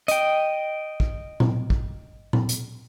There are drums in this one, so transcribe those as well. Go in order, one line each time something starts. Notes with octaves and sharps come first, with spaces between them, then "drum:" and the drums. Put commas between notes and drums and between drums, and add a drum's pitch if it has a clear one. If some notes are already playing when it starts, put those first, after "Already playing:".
D#5 G5, drum: hi-hat
drum: kick
drum: tom A#2
drum: kick
drum: tom A#2
drum: hi-hat